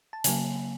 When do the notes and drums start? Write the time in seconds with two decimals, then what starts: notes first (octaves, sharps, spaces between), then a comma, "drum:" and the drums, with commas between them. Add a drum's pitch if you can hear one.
0.13 A5
0.24 C#3 F#3 A#3 G#5, drum: hi-hat